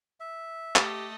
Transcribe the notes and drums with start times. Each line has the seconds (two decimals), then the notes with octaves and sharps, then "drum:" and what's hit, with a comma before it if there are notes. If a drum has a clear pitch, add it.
0.20 E5
0.76 A3 G4 D#5, drum: clap